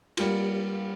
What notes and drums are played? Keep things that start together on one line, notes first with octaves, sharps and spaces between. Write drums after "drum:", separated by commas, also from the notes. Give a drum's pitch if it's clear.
G3 A#3 F4, drum: cymbal